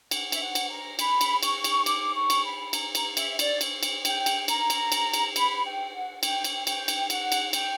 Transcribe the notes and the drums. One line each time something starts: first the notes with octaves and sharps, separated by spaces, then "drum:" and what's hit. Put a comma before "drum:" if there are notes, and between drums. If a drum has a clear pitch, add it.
F#5, drum: cymbal
E5, drum: cymbal
F#5
drum: cymbal
A#5
B5, drum: cymbal
drum: cymbal
C#6, drum: cymbal
drum: cymbal
D6, drum: cymbal
C#6
drum: cymbal
B5
A#5, drum: cymbal
A#5, drum: cymbal
E5, drum: cymbal
D5, drum: cymbal
drum: cymbal
drum: cymbal
G5, drum: cymbal
drum: cymbal
A#5, drum: cymbal
drum: cymbal
drum: cymbal
drum: cymbal
B5, drum: cymbal
G5
F#5
G5, drum: cymbal
drum: cymbal
G5, drum: cymbal
drum: cymbal
F#5, drum: cymbal
drum: cymbal
G5, drum: cymbal